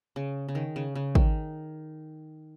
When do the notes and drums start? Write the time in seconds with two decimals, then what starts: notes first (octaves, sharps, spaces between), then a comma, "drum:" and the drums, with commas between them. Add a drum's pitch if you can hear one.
0.16 C#3
0.49 C#3
0.55 D#3
0.76 C#3
0.95 C#3
1.15 D#3, drum: kick G#1